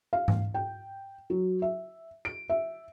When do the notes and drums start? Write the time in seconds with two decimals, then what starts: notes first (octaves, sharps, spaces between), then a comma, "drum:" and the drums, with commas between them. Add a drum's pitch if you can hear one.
0.13 F5
0.28 drum: tom G#2
0.54 G5
1.30 F#3
1.62 E5
2.25 D7
2.50 E5